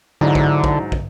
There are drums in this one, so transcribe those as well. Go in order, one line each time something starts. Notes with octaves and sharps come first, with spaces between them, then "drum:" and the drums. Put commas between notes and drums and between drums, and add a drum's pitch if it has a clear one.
G#2 D3 F#3 D4 E4
drum: kick
drum: kick
drum: kick